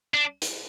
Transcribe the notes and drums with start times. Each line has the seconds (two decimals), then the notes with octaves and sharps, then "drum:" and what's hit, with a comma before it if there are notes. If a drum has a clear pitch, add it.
0.14 D4
0.42 drum: hi-hat